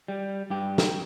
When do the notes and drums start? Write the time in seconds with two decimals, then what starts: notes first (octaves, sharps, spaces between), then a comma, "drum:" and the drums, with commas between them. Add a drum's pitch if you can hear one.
0.08 G3
0.50 G2 G4
0.78 drum: snare